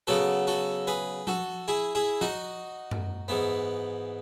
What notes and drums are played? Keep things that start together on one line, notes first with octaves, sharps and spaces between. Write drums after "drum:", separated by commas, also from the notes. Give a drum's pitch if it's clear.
C#3 F#3 B3 F#4 A4
F#4 A4
G#4 B4
F#4 A4, drum: tom F3
E4 G#4
E4 G#4
D#4 F#4, drum: snare
drum: tom F#2
G#2 E3 B3